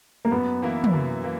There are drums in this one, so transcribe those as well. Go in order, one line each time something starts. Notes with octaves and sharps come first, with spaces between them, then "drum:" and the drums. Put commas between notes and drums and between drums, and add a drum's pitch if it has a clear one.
A#3
F#2 B3
E3 A#3 E4
drum: tom
F#2
E3 A#3